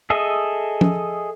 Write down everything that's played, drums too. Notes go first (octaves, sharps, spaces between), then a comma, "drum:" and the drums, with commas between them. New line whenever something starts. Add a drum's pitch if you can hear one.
G#4 A4 D#5 E5
drum: tom